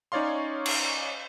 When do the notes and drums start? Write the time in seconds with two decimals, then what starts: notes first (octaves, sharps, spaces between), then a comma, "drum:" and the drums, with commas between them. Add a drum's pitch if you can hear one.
0.12 C#4 D#4 C#5 D5 F5 C6
0.66 drum: cymbal